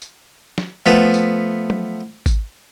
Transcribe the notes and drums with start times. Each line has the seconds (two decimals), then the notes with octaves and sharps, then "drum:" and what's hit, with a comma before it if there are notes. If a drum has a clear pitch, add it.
0.02 drum: tambourine
0.58 drum: snare
0.86 F3 A3 B3
1.14 drum: tambourine
1.70 drum: tom
2.26 drum: kick G#1, tambourine